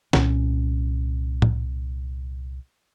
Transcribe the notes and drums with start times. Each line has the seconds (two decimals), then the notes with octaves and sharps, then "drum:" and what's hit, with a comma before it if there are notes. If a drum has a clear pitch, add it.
0.13 C2 A#2 C#4, drum: snare
1.42 drum: tom A2